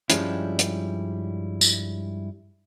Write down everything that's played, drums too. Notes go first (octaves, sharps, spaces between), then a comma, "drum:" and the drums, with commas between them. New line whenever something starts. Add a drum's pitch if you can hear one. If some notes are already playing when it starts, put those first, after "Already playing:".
G2 F3 G3 G#3 C#4 E4, drum: hi-hat
drum: hi-hat
drum: tambourine